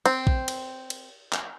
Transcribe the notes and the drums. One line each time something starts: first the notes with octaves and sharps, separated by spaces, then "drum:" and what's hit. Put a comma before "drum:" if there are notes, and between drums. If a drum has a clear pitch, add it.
C4, drum: cymbal
drum: kick A#1
drum: cymbal
drum: cymbal
drum: clap